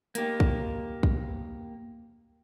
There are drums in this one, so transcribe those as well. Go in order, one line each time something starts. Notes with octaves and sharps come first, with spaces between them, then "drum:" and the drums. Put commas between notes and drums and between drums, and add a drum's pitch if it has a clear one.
A#3 G4, drum: hi-hat
drum: kick
drum: kick